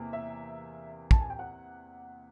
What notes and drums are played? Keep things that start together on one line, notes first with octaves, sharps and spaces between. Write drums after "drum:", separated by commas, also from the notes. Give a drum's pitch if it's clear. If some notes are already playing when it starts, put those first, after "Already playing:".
Already playing: E2 C3 A#3
E5
A5, drum: kick
G#5
G5
F#5